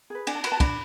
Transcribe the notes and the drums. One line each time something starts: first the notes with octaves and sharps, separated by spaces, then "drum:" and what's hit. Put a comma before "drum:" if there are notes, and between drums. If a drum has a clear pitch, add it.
G#4 B4
D4 G#5, drum: cymbal
A5
F#4 B4 B5, drum: cymbal
A5
D4 B5, drum: kick, cymbal